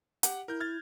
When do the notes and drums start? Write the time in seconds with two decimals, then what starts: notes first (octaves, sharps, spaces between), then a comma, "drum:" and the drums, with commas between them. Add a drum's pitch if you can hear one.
0.23 G4 F#5, drum: hi-hat
0.48 E4 A#4 G6
0.60 F6 G#6 A6